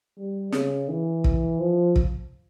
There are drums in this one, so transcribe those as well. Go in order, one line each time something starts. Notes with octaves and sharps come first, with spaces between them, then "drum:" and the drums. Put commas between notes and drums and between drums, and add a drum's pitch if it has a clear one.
G3
C#3, drum: snare
E3
drum: kick
F3
drum: kick